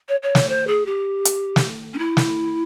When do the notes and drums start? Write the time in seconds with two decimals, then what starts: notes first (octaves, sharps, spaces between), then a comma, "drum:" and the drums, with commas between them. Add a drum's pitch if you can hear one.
0.08 C#5
0.23 C#5
0.35 drum: snare
0.48 C5
0.67 G#4
0.86 G4
1.25 drum: hi-hat
1.56 drum: snare
1.93 C#4
1.98 E4
2.17 drum: snare